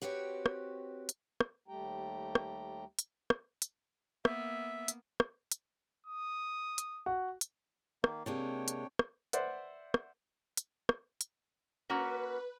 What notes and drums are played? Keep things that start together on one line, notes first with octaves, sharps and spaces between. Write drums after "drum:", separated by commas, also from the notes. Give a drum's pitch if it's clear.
C4 F#4 G4 B4 C#5
drum: rim click
drum: hi-hat
drum: rim click
D#2 G3 A3 G4 G5 A#5
drum: rim click
drum: hi-hat
drum: rim click
drum: hi-hat
A#3 B3 E5, drum: rim click
drum: hi-hat
drum: rim click
drum: hi-hat
D#6
drum: hi-hat
F#4 F#5
drum: hi-hat
D#3 A#3, drum: rim click
C3 G#3 A#3 D4 C#5 G5
drum: hi-hat
drum: rim click
B4 C5 D5 E5 F#5, drum: hi-hat
drum: rim click
drum: hi-hat
drum: rim click
drum: hi-hat
A#3 C#4 F#4 B4